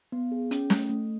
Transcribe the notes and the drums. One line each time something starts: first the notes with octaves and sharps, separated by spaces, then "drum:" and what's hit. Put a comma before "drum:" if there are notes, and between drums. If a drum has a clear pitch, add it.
B3
G#4
C#4, drum: hi-hat
A3, drum: snare
A3